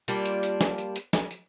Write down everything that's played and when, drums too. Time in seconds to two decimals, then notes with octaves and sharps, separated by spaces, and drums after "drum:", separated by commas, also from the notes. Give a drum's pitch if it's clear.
0.08 G3 A#3 D4 F4, drum: hi-hat
0.26 drum: hi-hat
0.43 drum: hi-hat
0.61 drum: snare
0.78 drum: hi-hat
0.96 drum: hi-hat
1.13 drum: snare
1.31 drum: hi-hat